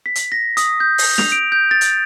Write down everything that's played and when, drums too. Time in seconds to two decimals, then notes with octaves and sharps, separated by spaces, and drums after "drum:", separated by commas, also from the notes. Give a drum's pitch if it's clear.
0.06 B6
0.15 drum: hi-hat
0.32 A#6
0.57 D#6, drum: hi-hat
0.80 G6
0.98 drum: open hi-hat
1.18 F7, drum: snare
1.32 D7
1.52 G6
1.71 A6
1.81 drum: hi-hat